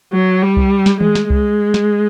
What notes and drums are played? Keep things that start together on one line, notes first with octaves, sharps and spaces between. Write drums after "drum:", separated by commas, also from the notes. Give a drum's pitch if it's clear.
F#3
G3
drum: kick C2
drum: snare
G#3, drum: tom D#3
drum: snare
G#3, drum: kick C2
drum: snare